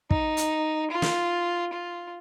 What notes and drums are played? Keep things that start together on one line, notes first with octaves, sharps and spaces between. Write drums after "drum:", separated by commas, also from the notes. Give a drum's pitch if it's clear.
D#4, drum: kick
drum: hi-hat
F4
drum: snare
F4